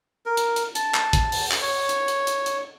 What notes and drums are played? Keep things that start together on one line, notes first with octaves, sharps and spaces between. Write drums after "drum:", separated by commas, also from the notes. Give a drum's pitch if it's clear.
A#4
drum: hi-hat
drum: hi-hat
A5, drum: hi-hat
drum: clap
drum: kick, hi-hat
drum: open hi-hat
drum: clap
C#5
drum: hi-hat
drum: hi-hat
drum: hi-hat
drum: hi-hat